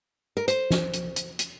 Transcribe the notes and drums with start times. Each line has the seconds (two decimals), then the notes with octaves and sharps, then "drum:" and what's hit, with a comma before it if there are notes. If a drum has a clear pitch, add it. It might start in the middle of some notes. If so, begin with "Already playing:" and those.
0.37 A#4
0.48 C5, drum: hi-hat
0.70 drum: snare
0.93 drum: hi-hat
1.16 drum: hi-hat
1.39 drum: hi-hat